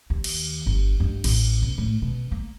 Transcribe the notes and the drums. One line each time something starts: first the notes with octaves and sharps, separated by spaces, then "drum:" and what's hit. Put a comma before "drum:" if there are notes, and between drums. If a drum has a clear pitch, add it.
D#2
drum: cymbal
G1
G2
A1, drum: cymbal
B2
A2
B2
A#3